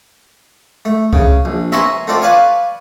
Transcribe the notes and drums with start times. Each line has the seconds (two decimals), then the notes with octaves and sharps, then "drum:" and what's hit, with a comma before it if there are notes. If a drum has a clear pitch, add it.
0.85 A3
1.13 C#3, drum: kick C2
1.45 A#1
1.72 E5 G#5 A#5 C6 C#6, drum: snare
2.07 A3 C4 F4 D5
2.22 B4 D5 F5 G#5 C#6